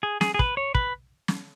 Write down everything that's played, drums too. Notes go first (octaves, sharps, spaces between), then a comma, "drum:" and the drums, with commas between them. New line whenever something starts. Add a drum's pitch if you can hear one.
G#4
G#4, drum: snare
G#4
B4, drum: kick
C#5
B4, drum: kick
drum: snare